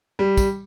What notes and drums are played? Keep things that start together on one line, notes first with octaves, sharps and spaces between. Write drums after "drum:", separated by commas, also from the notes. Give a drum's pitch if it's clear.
G3
drum: kick, tambourine